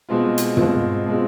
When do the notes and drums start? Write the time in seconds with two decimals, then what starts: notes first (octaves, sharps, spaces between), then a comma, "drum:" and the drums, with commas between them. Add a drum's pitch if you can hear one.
0.09 B2 G#3 C4 F4
0.38 drum: hi-hat
0.57 B2 G#3 C4 F4, drum: tom
1.06 B2 G#3 C4 F4